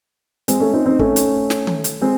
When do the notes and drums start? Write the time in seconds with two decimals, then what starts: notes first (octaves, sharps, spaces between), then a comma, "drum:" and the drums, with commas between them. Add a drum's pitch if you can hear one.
0.48 G#3 C4, drum: hi-hat
0.60 A3 C#4
0.73 C4 D#4
0.86 C4 D#4
0.99 A3 C#4, drum: kick
1.16 drum: hi-hat
1.50 drum: snare
1.67 drum: tom D#3
1.84 drum: hi-hat
2.01 G#3 C4